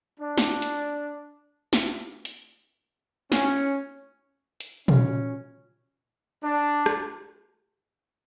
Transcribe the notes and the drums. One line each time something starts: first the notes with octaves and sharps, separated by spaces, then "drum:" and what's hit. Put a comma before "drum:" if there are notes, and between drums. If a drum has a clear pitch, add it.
D4
drum: snare
drum: hi-hat
drum: snare
drum: hi-hat
C#4, drum: snare
drum: hi-hat
C#4, drum: tom
D4
drum: rim click